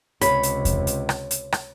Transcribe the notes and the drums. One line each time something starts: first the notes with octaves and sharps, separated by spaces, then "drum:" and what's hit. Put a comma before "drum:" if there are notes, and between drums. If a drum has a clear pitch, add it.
C#2 C3 C#5 B5, drum: hi-hat
drum: hi-hat
drum: kick E2, hi-hat
drum: hi-hat
drum: rim click
drum: hi-hat
drum: rim click